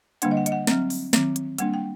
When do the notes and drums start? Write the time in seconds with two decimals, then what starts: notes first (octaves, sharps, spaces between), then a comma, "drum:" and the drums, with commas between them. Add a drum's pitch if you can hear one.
0.22 D3 G3 A#3 D4 F#5, drum: hi-hat
0.31 D#5
0.37 F#5
0.46 D#5, drum: hi-hat
0.52 F#5
0.67 F#3 C4, drum: snare
0.90 drum: open hi-hat
1.13 D#3 F#3 C4, drum: snare
1.36 drum: hi-hat
1.58 G3 A#3 D4 F#5, drum: hi-hat
1.74 G5